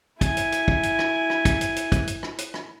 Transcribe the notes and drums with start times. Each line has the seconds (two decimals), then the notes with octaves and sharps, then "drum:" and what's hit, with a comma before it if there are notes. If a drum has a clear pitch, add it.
0.21 E4 G#5, drum: kick, hi-hat
0.37 drum: hi-hat
0.52 drum: hi-hat
0.68 drum: kick
0.83 drum: hi-hat
0.99 drum: rim click
1.30 drum: rim click
1.45 drum: kick, hi-hat
1.61 drum: hi-hat
1.76 drum: hi-hat
1.92 drum: kick, hi-hat
2.07 drum: hi-hat
2.23 drum: rim click
2.38 drum: hi-hat
2.54 drum: rim click